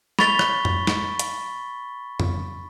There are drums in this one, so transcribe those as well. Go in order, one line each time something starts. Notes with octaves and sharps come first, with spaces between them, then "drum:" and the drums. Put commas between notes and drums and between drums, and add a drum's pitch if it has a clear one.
B5 C#6 A6 B6 G7, drum: snare
drum: rim click
drum: tom F2
drum: snare
drum: hi-hat
drum: tom F2